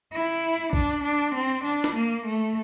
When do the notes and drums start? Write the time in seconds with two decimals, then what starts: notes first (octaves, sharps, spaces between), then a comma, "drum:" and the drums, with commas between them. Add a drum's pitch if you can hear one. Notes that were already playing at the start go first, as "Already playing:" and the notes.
0.13 E4
0.73 D4, drum: kick A1
1.04 D4
1.35 C4
1.64 D4
1.84 drum: snare
1.96 A#3
2.25 A3